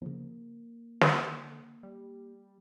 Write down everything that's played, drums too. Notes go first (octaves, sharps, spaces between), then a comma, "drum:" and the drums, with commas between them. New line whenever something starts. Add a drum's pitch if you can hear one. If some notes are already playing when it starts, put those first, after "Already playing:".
C#3 F3 A#3
D3, drum: snare
G3